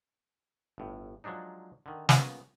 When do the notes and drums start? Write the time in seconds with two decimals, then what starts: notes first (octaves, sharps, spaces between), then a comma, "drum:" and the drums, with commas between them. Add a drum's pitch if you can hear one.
0.78 G1 A2
1.24 F3 F#3 G#3 D4 D#4
1.86 D3 D#3
2.09 C#3 F3 A#3 B3, drum: snare